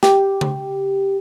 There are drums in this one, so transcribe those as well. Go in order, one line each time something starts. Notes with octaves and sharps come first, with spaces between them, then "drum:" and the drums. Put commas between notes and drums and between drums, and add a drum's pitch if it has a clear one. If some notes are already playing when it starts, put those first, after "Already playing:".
G4, drum: snare
drum: tom C#3